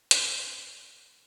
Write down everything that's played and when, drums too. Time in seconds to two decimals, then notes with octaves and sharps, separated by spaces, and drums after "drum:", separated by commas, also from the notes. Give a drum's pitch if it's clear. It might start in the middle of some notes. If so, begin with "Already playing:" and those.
0.11 F#5, drum: hi-hat
0.51 G#1
0.74 D2
0.95 F#5